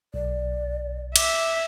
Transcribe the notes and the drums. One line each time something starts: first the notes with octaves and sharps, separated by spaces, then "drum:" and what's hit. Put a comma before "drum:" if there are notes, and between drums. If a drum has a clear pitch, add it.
B1 D5
E5 D6, drum: cymbal